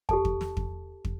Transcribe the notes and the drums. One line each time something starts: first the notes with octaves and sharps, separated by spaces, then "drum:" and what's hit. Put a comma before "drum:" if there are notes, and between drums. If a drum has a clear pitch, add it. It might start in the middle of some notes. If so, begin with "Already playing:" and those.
G4 A4 A5, drum: kick
drum: kick
drum: snare
drum: kick
drum: kick